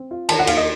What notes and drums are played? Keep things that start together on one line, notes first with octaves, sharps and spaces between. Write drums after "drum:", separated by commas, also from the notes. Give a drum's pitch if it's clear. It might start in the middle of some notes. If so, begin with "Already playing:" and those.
Already playing: C4
F4
D#3 A5, drum: cymbal
F#5
D#2 F5, drum: cymbal
D#5